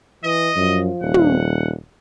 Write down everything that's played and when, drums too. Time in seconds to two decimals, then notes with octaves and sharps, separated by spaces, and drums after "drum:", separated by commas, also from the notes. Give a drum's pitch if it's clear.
0.24 E3 D#5
0.56 F#2 F3
1.02 D#1 F#5
1.14 drum: tom